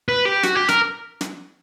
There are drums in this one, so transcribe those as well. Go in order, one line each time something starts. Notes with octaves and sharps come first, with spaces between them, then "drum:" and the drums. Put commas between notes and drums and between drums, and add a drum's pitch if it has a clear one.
B4
G4
F#4, drum: snare
G4
A#4, drum: snare
drum: snare